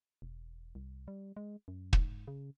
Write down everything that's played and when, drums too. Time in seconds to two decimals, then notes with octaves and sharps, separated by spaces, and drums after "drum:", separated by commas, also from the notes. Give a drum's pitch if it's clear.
0.22 E1
0.75 C2
1.08 G3
1.37 G#3
1.68 F#2
1.93 G#2, drum: kick
2.28 C#3